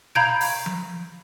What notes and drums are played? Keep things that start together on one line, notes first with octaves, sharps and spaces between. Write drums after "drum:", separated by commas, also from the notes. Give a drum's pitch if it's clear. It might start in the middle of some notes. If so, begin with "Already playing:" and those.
F5 A#5 B5 G6 G#6 D7, drum: snare
drum: open hi-hat
drum: tom F3